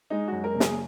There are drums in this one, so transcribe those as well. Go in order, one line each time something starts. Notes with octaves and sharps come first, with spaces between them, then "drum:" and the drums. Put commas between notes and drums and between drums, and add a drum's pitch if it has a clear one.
G#3 D#4
F#2 F#4
A#4
F#1
G#4, drum: snare